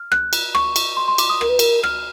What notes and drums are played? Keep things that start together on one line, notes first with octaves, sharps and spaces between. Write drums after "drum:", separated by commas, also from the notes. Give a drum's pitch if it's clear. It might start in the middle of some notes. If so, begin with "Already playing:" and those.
Already playing: F6
F#6, drum: rim click
drum: cymbal
C#6, drum: rim click
drum: cymbal
C6
C6
D6, drum: cymbal
D#6
A#4, drum: rim click
B4
A#4, drum: cymbal
F6, drum: rim click